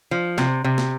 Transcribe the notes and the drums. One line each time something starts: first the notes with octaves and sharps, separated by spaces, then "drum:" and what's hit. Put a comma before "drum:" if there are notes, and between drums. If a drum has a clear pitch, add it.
F3
C3, drum: snare
C3
drum: snare